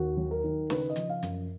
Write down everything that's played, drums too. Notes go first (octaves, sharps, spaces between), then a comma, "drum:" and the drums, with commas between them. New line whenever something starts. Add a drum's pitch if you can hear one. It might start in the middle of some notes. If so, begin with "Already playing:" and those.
Already playing: D#2 F#4
F#3
A#4
D#3
C#3 B4, drum: snare
D#5
F3, drum: hi-hat
F5
F#2, drum: hi-hat